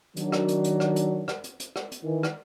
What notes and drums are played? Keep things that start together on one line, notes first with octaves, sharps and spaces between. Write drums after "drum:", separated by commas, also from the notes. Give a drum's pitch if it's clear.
D#3 F#3 D4, drum: hi-hat
drum: rim click
drum: hi-hat
drum: hi-hat
drum: rim click
drum: hi-hat
drum: rim click
drum: hi-hat
drum: hi-hat
drum: rim click
drum: hi-hat
D#3 E3
drum: rim click